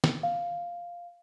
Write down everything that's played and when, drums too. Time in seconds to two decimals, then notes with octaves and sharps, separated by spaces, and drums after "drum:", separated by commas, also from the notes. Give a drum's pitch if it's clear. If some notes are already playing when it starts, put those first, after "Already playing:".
0.04 drum: snare
0.23 F5